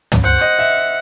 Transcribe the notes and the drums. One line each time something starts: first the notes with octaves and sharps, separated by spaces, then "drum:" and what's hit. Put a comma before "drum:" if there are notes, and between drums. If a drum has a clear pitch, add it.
drum: tom
C5 F#5
D#5
E5